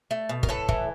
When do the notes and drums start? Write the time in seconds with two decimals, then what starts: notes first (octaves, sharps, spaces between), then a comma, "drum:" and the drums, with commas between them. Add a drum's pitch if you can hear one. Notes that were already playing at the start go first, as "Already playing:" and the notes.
0.11 A3
0.29 B2
0.43 A#4, drum: kick
0.49 A2 A4 B4
0.69 E3, drum: kick